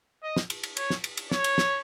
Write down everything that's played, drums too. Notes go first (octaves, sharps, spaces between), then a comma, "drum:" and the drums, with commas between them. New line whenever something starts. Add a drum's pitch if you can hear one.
D#5
drum: snare
drum: cymbal
drum: cymbal
C#5, drum: cymbal
drum: snare
drum: cymbal
drum: cymbal
C#5, drum: snare
drum: cymbal
drum: snare